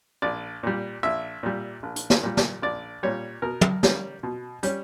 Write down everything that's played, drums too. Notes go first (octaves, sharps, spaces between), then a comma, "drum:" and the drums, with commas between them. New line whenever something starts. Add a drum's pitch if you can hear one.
A#1 D5
A#2 G3
A#1 E5
A#2 G3
A#1
drum: hi-hat
drum: snare
A#2 G3
drum: snare
A#1 D5
A#2 G3 C#5
B2 A#4
drum: tom
G3 C#4, drum: snare
B2
G3 C#4, drum: hi-hat